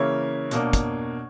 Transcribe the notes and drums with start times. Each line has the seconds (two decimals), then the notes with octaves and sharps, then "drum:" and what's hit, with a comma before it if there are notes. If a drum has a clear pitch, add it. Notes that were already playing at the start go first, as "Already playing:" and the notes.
Already playing: C#3 E3 A#3 E4 C#5
0.51 B2 A#3 D4, drum: hi-hat
0.73 drum: kick, hi-hat